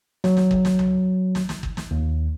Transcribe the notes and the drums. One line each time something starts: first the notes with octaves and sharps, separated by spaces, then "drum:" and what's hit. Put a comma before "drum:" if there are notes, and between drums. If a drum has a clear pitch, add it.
F#3, drum: snare
drum: snare
drum: kick
drum: snare
drum: tom C2
drum: snare
drum: snare
drum: kick
drum: snare
D#2